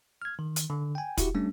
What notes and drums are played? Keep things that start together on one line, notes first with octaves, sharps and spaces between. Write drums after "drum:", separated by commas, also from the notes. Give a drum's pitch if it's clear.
F6 G#6
D#3
drum: hi-hat
D3
G5 G#5
E4 F#4 G4, drum: kick, hi-hat
G3 A3 C#4 D4